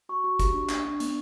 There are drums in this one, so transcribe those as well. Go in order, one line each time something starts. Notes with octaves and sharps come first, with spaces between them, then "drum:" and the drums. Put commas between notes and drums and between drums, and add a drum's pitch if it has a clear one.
F#4 C#6
F#4 C#6
G4, drum: kick F#1, hi-hat
D4
D4, drum: clap
D4
B3, drum: hi-hat